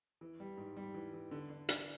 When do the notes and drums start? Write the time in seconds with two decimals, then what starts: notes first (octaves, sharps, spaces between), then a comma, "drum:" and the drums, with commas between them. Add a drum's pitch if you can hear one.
0.21 E3
0.40 G3
0.57 G#2
0.77 G3
0.94 E3
1.13 E3
1.31 D3
1.50 D3
1.69 D4, drum: hi-hat